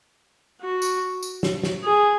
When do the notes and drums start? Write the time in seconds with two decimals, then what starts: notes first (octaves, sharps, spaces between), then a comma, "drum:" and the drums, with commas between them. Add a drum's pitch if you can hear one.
0.61 F#4
0.82 drum: tambourine
1.23 drum: tambourine
1.43 drum: snare
1.63 drum: snare
1.84 G#4